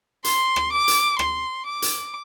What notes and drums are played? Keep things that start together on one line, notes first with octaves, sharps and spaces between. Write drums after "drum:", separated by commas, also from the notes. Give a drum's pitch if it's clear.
C6, drum: hi-hat
drum: rim click
D6
drum: hi-hat
C6, drum: rim click
D6
drum: hi-hat